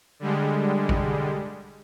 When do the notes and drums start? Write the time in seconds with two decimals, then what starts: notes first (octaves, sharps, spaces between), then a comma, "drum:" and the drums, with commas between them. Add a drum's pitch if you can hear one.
0.20 D3 G3 G#3
0.89 drum: kick G#1